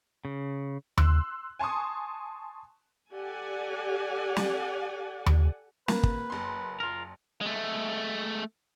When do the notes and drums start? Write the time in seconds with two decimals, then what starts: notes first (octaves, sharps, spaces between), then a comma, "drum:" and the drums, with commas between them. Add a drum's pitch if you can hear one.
0.25 C#3
0.97 C6 E6 F#6, drum: tom D#2
1.59 G#5 A5 C6 C#6 D#6
3.13 G4 A4 D5 F#5 G#5
4.36 drum: snare
5.26 drum: tom D#2
5.88 A#3 B4, drum: snare
6.03 drum: kick
6.30 F#1 C6
6.80 F4 A#4
7.41 G#3 A3